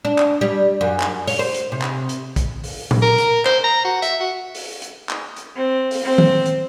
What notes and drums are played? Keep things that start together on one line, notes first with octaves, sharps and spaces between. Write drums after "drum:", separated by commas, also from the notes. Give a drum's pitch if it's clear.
D4
drum: clap
G3
F#2
drum: clap
C#5, drum: open hi-hat
C5
drum: hi-hat
C3
drum: clap
drum: hi-hat
drum: kick, hi-hat
drum: open hi-hat
drum: tom A#2
A#4
drum: hi-hat
C5, drum: clap
A#5
F#4
E5, drum: hi-hat
F#4
drum: open hi-hat
drum: hi-hat
drum: clap
drum: hi-hat
C4
drum: open hi-hat
C4
drum: tom D#3
drum: hi-hat